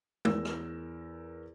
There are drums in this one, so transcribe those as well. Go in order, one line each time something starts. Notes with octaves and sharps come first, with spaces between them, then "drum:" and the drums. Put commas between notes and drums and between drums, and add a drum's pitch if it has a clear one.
E2 A#4 E6, drum: tom G#3
drum: rim click